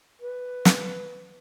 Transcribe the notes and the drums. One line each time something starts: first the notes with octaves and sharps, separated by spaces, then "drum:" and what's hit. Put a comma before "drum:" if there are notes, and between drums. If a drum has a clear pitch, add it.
B4
drum: snare